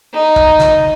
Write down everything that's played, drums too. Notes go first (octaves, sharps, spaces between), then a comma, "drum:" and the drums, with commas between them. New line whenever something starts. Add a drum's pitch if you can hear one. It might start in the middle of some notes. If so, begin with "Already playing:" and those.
D#4
drum: kick
drum: snare